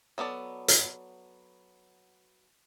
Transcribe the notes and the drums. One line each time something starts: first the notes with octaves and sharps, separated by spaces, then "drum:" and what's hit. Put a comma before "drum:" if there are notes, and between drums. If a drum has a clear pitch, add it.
F#3 B3 A4 D5
drum: hi-hat